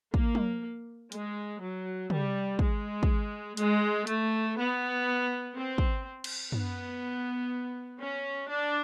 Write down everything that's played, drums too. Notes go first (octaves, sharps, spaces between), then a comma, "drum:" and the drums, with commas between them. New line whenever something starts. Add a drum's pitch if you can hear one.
A#3, drum: kick
drum: tom
G#3, drum: hi-hat
F#3
G3, drum: tom
G#3, drum: kick
drum: kick
G#3, drum: hi-hat
A3, drum: hi-hat
B3
C4
drum: kick
drum: cymbal
B3, drum: tom
C#4
D4